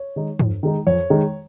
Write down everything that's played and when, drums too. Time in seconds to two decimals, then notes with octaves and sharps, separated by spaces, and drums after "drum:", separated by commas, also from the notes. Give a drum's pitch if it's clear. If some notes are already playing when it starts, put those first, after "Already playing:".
Already playing: C#5
0.16 D#3 G#3 D#4
0.39 F2, drum: tom
0.63 D#3 G#3 D#4
0.87 F2 C#5
1.10 D#3 G#3 D#4